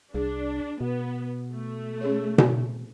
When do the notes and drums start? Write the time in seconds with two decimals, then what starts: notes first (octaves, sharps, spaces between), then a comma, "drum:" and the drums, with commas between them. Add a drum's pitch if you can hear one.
0.14 C2 D4 G#4
0.81 B2 B3
1.52 A3
2.01 C#4 G#4 C#5
2.38 drum: tom B2